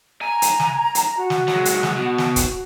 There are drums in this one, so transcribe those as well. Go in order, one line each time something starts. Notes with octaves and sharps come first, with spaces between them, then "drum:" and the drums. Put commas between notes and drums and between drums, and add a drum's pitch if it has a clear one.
G#5 A#5
drum: hi-hat
drum: snare
drum: hi-hat
F#4
drum: snare
F#3 G#3, drum: snare
drum: hi-hat
drum: snare
B2
drum: snare
drum: kick, hi-hat